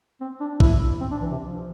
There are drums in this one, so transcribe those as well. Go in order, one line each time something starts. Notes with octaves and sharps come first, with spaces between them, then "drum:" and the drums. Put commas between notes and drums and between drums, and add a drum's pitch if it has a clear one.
C4
D4
E4, drum: kick
C4
D4
E3
C3
F3